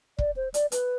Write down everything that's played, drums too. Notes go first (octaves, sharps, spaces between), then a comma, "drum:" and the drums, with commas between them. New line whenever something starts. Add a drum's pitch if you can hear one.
D5, drum: kick
C5
D5, drum: hi-hat
B4, drum: hi-hat